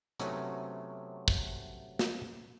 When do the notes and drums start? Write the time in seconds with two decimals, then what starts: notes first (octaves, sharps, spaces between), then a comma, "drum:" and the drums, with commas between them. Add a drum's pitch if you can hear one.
0.19 C3 F#3 A3 B3 C#4 D#4, drum: hi-hat
1.28 drum: kick
1.99 drum: snare